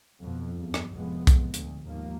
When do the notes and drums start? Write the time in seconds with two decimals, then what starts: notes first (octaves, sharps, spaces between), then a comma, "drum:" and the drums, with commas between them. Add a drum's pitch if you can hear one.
0.20 F2 B2
0.55 E2 G2
0.74 drum: rim click
0.95 F1 A2 F3 G#3 B3
1.27 drum: kick, hi-hat
1.54 D2, drum: hi-hat
1.86 D#2 G#2 F3 A#3